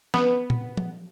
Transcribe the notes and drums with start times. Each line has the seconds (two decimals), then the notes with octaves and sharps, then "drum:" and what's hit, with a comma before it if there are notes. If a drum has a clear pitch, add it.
0.14 B3, drum: snare
0.50 drum: tom A#2
0.77 drum: tom F3